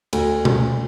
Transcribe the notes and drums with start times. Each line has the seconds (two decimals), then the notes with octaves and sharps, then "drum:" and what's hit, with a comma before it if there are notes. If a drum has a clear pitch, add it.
0.13 D2, drum: cymbal
0.45 drum: tom B2